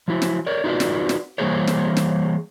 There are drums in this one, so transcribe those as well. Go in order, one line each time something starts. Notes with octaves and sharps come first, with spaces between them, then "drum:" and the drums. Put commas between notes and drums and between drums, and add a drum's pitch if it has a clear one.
F3 F#3 E4
drum: snare
A#4 C#5 D5
D#4 F4 F#4 B4 D5
drum: snare
drum: snare
E3 G3 A#3 G#4 C5 C#5
drum: snare
drum: snare